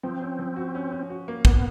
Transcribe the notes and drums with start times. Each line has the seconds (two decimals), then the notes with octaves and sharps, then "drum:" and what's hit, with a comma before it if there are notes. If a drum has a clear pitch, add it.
0.03 F3 C4
0.21 C#4
0.39 F3
0.56 F#4
0.75 C#4
0.92 C#4
1.10 F#4
1.28 A#3
1.45 A#3 B3, drum: kick